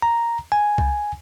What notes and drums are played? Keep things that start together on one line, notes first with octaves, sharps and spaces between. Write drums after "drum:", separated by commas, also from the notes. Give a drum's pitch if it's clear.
A#5
G#5
drum: kick C2